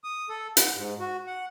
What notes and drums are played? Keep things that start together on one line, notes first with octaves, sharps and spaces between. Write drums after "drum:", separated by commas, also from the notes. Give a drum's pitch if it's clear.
D#6
A4
F#5, drum: hi-hat
G#2
F#4
F#5